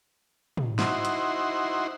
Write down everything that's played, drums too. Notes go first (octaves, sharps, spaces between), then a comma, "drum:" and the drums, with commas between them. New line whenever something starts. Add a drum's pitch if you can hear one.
drum: tom
D#4 E4 F#4 C5, drum: snare
drum: hi-hat